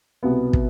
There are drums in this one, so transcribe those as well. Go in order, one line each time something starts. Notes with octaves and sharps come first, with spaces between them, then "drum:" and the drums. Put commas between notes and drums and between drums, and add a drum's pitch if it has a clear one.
C2 B2 B3
drum: kick